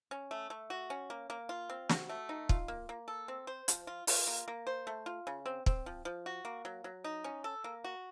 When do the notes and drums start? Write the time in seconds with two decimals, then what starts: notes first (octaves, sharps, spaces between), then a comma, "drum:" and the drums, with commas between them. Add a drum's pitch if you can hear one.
0.11 C#4
0.31 A3
0.50 A3
0.70 F#4
0.90 C#4
1.10 A#3
1.30 A#3
1.49 F4
1.70 C4
1.89 F#4, drum: snare
2.09 A3
2.29 D#4
2.49 F4, drum: kick
2.68 A#3
2.89 A#3
3.08 A4
3.28 C4
3.47 C5
3.68 F3, drum: hi-hat
3.87 F4
4.07 F4, drum: open hi-hat
4.27 A#3
4.48 A#3
4.67 C5
4.87 A3
5.06 F4
5.27 C#3
5.46 C4
5.66 C4, drum: kick
5.86 F3
6.05 F3
6.26 F#4
6.45 A#3
6.65 F#3
6.84 F#3
7.04 D#4
7.24 C#4
7.44 A4
7.64 A#3
7.84 F#4